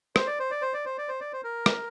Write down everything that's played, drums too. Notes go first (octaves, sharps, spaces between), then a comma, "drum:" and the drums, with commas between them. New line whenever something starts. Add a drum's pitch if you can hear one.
C5, drum: rim click
D5
C5
D5
C5
D5
C5
D5
C5
D5
C5
A#4
drum: rim click